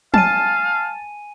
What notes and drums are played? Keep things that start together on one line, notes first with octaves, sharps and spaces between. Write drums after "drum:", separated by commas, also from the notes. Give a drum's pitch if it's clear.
F5 G#5 A5 D#7, drum: tom F3